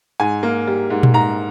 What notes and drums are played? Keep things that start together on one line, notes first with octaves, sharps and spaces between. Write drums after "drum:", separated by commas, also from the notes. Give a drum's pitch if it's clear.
G#2 G#5
A#3
G3
G#2
drum: tom A#2
G#2 A#5